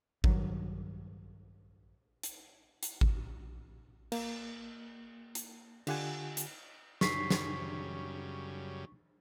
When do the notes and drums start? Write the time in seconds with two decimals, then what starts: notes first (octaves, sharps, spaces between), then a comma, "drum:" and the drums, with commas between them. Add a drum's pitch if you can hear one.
0.24 G2 D#3 F#3, drum: kick G#1
2.23 drum: hi-hat
2.83 drum: hi-hat
3.01 drum: kick G#1
4.12 A#3, drum: cymbal
5.35 drum: hi-hat
5.87 D3 F4 G4 F#5 G#5, drum: cymbal
6.37 drum: hi-hat
7.01 F#2 C#3 G3 C#6 B6 C7, drum: snare
7.30 drum: snare